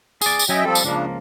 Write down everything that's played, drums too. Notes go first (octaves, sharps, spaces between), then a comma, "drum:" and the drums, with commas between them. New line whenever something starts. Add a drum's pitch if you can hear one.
G#4 D5, drum: tambourine
drum: tambourine
F#3 C#4 D#5 E5 G5 G#5
F3 G3 C4 A4
drum: tambourine
C#2 C#3 F3 A#3 D4